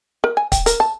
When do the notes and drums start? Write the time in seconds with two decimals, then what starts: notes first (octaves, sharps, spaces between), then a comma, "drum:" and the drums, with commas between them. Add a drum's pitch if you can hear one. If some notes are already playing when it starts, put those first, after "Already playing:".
0.24 A#4
0.37 G#5
0.52 G5, drum: kick, hi-hat
0.66 A#4, drum: hi-hat
0.80 A5